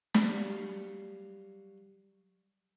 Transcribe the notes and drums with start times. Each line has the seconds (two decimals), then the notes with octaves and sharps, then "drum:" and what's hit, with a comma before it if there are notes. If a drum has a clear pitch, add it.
0.14 drum: snare
0.29 F#3 G3 F5 C#6